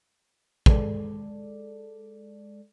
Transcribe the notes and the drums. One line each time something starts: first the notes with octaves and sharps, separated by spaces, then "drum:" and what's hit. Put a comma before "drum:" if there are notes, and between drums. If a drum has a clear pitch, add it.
G#3 A4 D5, drum: kick